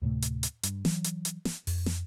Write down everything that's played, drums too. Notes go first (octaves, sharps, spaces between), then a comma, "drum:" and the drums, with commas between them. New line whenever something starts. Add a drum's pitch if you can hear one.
D2 A2 C3 A3
drum: hi-hat
drum: hi-hat
G2, drum: hi-hat
E3 F#3, drum: snare
drum: hi-hat
drum: hi-hat
drum: snare
F2, drum: open hi-hat
drum: snare